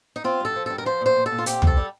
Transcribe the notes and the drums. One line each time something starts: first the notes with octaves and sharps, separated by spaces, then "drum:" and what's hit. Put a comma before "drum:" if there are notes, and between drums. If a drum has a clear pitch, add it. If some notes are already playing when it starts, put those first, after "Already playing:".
D#4
C4 F4
G2 A4
F3
G2 A4
A#4
F3 C5
A#2 C5
A#2
A4
A#2
F4
C4 G4, drum: hi-hat
C3, drum: tom
A4
G3